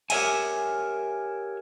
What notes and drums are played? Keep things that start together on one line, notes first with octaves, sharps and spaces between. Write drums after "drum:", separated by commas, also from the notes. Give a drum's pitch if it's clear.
G4 A#4 C#5 E5 F#5 G#5, drum: cymbal